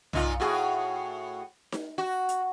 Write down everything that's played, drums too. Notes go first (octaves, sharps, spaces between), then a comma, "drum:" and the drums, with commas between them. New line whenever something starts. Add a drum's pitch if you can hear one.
A#2 D#4 F4, drum: tom
A2 F#4 G#4
drum: snare D#4
F#4
drum: hi-hat